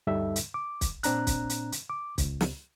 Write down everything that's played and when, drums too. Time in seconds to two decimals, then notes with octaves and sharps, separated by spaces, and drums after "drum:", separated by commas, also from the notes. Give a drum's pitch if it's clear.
0.07 D2 G2 G3 D#4 A4 E5
0.36 drum: hi-hat
0.54 D6
0.81 drum: kick, hi-hat
1.03 A#2 C4 D4 A#5 F#6, drum: hi-hat
1.27 drum: kick, hi-hat
1.50 drum: hi-hat
1.72 drum: hi-hat
1.90 D6
2.18 C#2, drum: kick, hi-hat
2.41 drum: snare